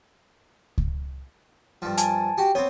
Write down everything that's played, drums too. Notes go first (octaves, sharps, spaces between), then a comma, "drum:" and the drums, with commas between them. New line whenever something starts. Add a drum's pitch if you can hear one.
drum: kick C#2
G2 F3
G#5 A5, drum: hi-hat
F#4 G4
B3 C4 C#5